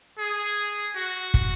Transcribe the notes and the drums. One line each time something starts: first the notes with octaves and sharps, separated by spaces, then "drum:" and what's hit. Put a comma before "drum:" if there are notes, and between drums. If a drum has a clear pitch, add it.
G#4
F#4
drum: kick